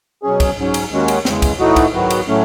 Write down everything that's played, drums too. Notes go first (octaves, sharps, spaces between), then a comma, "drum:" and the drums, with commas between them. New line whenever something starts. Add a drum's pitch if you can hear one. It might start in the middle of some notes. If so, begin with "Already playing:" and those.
B2 F#3 C#4 G#4
drum: kick, cymbal
G#2 F#3 C#4
drum: cymbal
D#2 D#3 G#3 C#4 F#4
drum: cymbal
E2 C#3 G#3, drum: snare
drum: kick, cymbal
A2 E3 A3 D#4 F#4
drum: kick, cymbal
G#2 D#3 F#3 B3 F#4
drum: cymbal
A2 F#3 A3 C#4